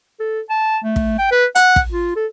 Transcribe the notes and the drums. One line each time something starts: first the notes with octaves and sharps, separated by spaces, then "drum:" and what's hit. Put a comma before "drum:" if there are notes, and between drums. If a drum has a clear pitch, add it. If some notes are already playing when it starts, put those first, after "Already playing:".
A4
A5
A3
drum: kick
G5
B4
F#5, drum: hi-hat
drum: kick
F4
A4